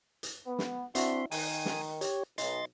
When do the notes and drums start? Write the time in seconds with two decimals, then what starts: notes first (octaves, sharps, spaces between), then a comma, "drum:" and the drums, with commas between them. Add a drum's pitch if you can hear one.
0.23 drum: hi-hat
0.47 B3
0.59 drum: snare
0.95 C4 D4 E4 F#4 E5 C6, drum: hi-hat
1.31 D#3 G#5 D#6, drum: open hi-hat
1.65 drum: snare
2.01 G4 C#5, drum: hi-hat
2.38 B1 D#5 C6 A6, drum: hi-hat